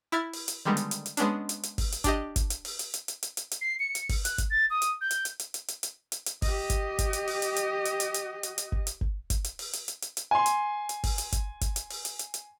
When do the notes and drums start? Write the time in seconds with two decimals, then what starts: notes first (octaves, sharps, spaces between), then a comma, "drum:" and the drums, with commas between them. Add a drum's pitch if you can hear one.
0.12 E4 E5 F6 A6
0.33 drum: open hi-hat
0.48 drum: hi-hat
0.65 D3 D#3 G3 G#3 B3
0.77 drum: hi-hat
0.91 drum: hi-hat
1.06 drum: hi-hat
1.17 G#3 B3 C#4 D4, drum: hi-hat
1.49 drum: hi-hat
1.63 drum: hi-hat
1.78 drum: kick G#1, open hi-hat
1.92 drum: hi-hat
2.04 D4 G4 D#5, drum: kick G#1, hi-hat
2.36 drum: kick G#1, hi-hat
2.50 drum: hi-hat
2.65 drum: open hi-hat
2.79 drum: hi-hat
2.94 drum: hi-hat
3.08 drum: hi-hat
3.23 drum: hi-hat
3.37 drum: hi-hat
3.51 drum: hi-hat
3.61 C7
3.79 C#7
3.95 drum: hi-hat
4.09 drum: kick G#1, open hi-hat
4.25 F#6, drum: hi-hat
4.38 drum: kick G#1, hi-hat
4.50 A6
4.70 D#6
4.82 drum: hi-hat
5.01 G6
5.11 drum: hi-hat
5.25 drum: hi-hat
5.39 drum: hi-hat
5.54 drum: hi-hat
5.68 drum: hi-hat
5.83 drum: hi-hat
6.12 drum: hi-hat
6.26 drum: hi-hat
6.42 G4 D#5, drum: kick G#1, open hi-hat
6.70 drum: kick G#1, hi-hat
6.99 drum: kick G#1, hi-hat
7.13 drum: hi-hat
7.28 drum: open hi-hat
7.42 drum: hi-hat
7.56 drum: hi-hat
7.85 drum: hi-hat
8.00 drum: hi-hat
8.14 drum: hi-hat
8.43 drum: hi-hat
8.58 drum: hi-hat
8.72 drum: kick G#1
8.87 drum: hi-hat
9.01 drum: kick G#1
9.30 drum: kick G#1, hi-hat
9.44 drum: hi-hat
9.59 drum: open hi-hat
9.73 drum: hi-hat
9.88 drum: hi-hat
10.02 drum: hi-hat
10.17 drum: hi-hat
10.31 G#5 C6
10.46 drum: hi-hat
10.89 drum: hi-hat
11.04 drum: kick G#1, open hi-hat
11.18 drum: hi-hat
11.32 drum: kick G#1, hi-hat
11.61 drum: kick G#1, hi-hat
11.76 drum: hi-hat
11.90 drum: open hi-hat
12.05 drum: hi-hat
12.19 drum: hi-hat
12.34 drum: hi-hat